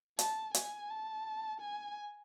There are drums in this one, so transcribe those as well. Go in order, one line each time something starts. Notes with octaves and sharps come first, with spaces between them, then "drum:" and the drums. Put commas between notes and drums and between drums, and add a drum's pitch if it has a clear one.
A5, drum: hi-hat
G#5, drum: hi-hat
A5
G#5